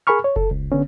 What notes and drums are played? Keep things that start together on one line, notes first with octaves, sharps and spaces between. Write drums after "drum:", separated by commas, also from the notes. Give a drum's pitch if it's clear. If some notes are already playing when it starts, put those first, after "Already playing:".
G#4 A#4 G#5 B5 C#6 F6
C#5
A4, drum: kick F1
C#2
D3 B3 C#4